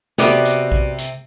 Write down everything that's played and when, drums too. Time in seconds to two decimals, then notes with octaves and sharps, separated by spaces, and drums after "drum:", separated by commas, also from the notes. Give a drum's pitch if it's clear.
0.18 C3 B3 F#4 D5, drum: snare
0.45 drum: hi-hat
0.72 drum: kick B1
0.98 drum: hi-hat